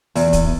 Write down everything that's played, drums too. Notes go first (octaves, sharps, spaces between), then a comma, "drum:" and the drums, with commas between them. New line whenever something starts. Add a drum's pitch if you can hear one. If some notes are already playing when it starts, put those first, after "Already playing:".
E2, drum: open hi-hat
drum: kick, hi-hat